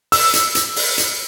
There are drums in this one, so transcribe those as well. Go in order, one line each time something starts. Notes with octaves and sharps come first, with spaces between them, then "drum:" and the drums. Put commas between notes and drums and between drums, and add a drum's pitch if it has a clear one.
E6, drum: open hi-hat
drum: hi-hat
drum: hi-hat
drum: open hi-hat
drum: hi-hat